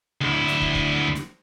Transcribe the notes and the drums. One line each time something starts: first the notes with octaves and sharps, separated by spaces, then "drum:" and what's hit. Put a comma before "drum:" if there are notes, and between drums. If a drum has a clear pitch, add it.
D2 E4
drum: snare
drum: kick
drum: kick
drum: snare